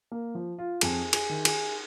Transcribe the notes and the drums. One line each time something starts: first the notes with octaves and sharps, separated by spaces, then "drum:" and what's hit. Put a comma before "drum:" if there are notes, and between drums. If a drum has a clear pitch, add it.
A#3
F3
F4
F2 G#4, drum: cymbal
G#4, drum: cymbal
D#3
G#4, drum: cymbal